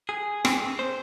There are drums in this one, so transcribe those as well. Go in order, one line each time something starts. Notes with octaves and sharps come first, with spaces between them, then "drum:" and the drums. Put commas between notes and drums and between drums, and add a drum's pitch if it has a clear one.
G#4
C4, drum: rim click
C5